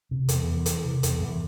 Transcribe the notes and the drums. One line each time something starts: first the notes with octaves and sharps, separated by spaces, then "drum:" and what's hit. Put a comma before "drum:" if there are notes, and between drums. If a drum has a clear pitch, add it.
C3
E2, drum: hi-hat
E2
E3, drum: hi-hat
C3
E2, drum: hi-hat
E2